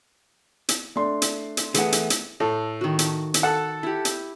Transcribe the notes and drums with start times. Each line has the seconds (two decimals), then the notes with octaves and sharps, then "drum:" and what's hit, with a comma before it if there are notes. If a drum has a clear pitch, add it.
0.69 drum: hi-hat
0.96 A3 D4 C6
1.22 drum: hi-hat
1.57 drum: hi-hat
1.74 E3 A3 B3 G#4 A4 F#5, drum: hi-hat
1.92 drum: hi-hat
2.10 drum: hi-hat
2.40 A2 A4
2.81 D#3 F#4
2.99 drum: hi-hat
3.34 drum: hi-hat
3.43 A4 F#5
3.83 E4 G4
4.05 drum: hi-hat